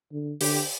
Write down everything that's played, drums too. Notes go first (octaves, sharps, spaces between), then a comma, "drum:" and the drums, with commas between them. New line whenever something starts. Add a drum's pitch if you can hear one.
D3
D3 G4, drum: open hi-hat